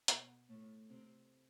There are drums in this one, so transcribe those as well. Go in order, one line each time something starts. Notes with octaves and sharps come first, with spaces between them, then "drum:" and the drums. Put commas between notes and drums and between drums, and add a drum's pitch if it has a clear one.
B2 B3, drum: hi-hat
A2 A3
C3 C4